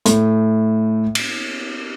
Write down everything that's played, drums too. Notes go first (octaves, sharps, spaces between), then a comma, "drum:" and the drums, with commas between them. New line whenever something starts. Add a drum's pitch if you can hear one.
A2 A3, drum: hi-hat
drum: cymbal